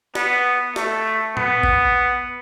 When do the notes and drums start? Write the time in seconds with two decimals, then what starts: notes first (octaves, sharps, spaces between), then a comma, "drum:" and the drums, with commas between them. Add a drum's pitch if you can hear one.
0.15 B3, drum: snare
0.76 A3, drum: snare
1.37 B3, drum: tom A#2
1.63 drum: kick G#1